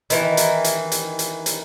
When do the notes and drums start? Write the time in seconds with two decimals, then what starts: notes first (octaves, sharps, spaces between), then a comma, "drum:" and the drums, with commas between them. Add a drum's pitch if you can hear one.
0.10 D#3 E3, drum: hi-hat
0.37 drum: hi-hat
0.64 drum: hi-hat
0.92 drum: hi-hat
1.19 drum: hi-hat
1.46 drum: hi-hat